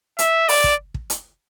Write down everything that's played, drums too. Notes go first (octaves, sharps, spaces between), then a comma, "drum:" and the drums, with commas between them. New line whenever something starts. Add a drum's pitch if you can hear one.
E5, drum: hi-hat
D5, drum: open hi-hat
drum: kick
drum: kick
drum: hi-hat